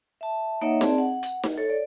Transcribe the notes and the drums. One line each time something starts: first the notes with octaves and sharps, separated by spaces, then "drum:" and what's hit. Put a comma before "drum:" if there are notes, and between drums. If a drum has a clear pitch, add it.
E5 A5
A#3 D#4 C#5 D#5 E5 F#5
C4 G#4 D5 A5, drum: snare D#4
F#5
drum: hi-hat
drum: snare D#4
A4 C#5
D5